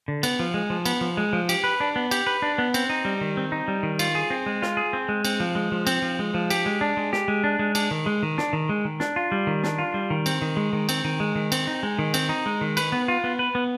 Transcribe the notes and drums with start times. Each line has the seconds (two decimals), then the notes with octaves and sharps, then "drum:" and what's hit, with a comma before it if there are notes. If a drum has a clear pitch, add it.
0.08 D3
0.23 B3, drum: cymbal
0.39 F3
0.54 G#3
0.70 F3
0.85 B3, drum: cymbal
1.01 F3
1.17 G#3
1.33 F3
1.49 G4, drum: cymbal
1.64 B4
1.80 D4
1.96 B3
2.11 G4, drum: cymbal
2.27 B4
2.42 D4
2.58 B3
2.74 C4, drum: cymbal
2.90 D#4
3.05 G3
3.21 D#3
3.37 C4
3.52 D#4
3.68 G3
3.83 D#3
3.99 F4, drum: cymbal
4.15 G#4
4.30 C4
4.46 G#3
4.62 F4, drum: snare
4.77 G#4
4.93 C4
5.09 G#3
5.25 C4, drum: cymbal
5.40 F3
5.55 G#3
5.72 F3
5.87 C4, drum: cymbal
6.02 F3
6.19 G#3
6.34 F3
6.50 G4, drum: cymbal
6.66 G#3
6.81 D4
6.97 G#3
7.13 G4, drum: snare
7.28 G#3
7.44 D4
7.59 G#3
7.75 D4, drum: cymbal
7.91 D#3
8.06 G#3
8.23 D#3
8.38 D4, drum: snare
8.53 D#3
8.69 G#3
8.85 D#3
9.00 D4, drum: snare
9.16 F4
9.32 G3
9.47 D#3
9.63 D4, drum: snare
9.78 F4
9.94 G3
10.10 D#3
10.26 C4, drum: cymbal
10.42 D#3
10.57 G#3
10.73 D#3
10.89 C4, drum: cymbal
11.05 D#3
11.20 G#3
11.35 D#3
11.52 C4, drum: cymbal
11.67 D#4
11.83 G#3
11.99 D#3
12.14 C4, drum: cymbal
12.29 D#4
12.46 G#3
12.61 D#3
12.77 B4, drum: cymbal
12.92 B3
13.08 F4
13.24 B3
13.39 B4
13.55 B3